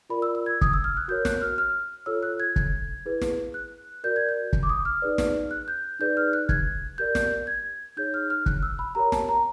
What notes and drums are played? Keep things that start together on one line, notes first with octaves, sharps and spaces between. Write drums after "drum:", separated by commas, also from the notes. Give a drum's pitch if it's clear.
F4 A#4 D5 B5
E6
E6
G#6
D#6, drum: kick
E6
F6
F#6
F#4 A#4 C#5 G6
F#6, drum: snare
F6
F6
F4 A4 C#5 E6
F#6
G#6
drum: kick
E4 G#4 B4
drum: snare
F#6
F#4 A#4 D5 G6
G#6
G6
drum: kick
D6
D#6
F6
D#4 G#4 B4 D5
drum: snare
F#6
G6
D#4 G#4 B4 D5 G6
F6
F#6
G#6, drum: kick
G4 A#4 D5 G6
drum: snare
G#6
D#4 G#4 C#5 G6
F6
F6
F#6, drum: kick
E6
B5
G4 A#4 C#5 A#5
A5, drum: snare
A#5